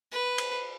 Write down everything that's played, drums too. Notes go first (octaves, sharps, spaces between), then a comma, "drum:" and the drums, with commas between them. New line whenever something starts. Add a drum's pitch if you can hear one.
B4
drum: cymbal